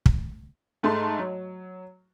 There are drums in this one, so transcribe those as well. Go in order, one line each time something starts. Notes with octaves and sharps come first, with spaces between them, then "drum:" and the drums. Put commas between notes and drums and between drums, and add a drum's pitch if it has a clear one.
drum: kick
G#2 A3 G#4 A5 C6
F#3